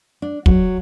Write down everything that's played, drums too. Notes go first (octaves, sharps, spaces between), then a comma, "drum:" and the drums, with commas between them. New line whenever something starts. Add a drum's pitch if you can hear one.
D4
F#3, drum: kick